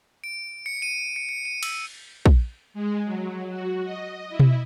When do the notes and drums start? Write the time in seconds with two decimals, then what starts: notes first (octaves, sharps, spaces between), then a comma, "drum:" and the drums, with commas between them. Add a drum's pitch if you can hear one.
0.24 D7
0.66 C#7
0.82 D#7
1.16 C#7
1.29 C#7
1.45 D#7
1.63 E6, drum: cymbal
2.26 drum: kick
2.74 G#3
3.05 F#3
3.49 F#4
3.84 D#5
4.30 E4
4.40 drum: tom B2